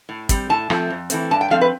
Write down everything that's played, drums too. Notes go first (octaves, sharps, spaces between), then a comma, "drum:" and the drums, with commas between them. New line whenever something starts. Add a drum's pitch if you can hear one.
A2
G3 C4, drum: kick, hi-hat
A2 A5
F3 A3 C4, drum: rim click
F2
E3 A3 C4, drum: hi-hat
G2 A5
G5
F3 A3 C4 F5
B4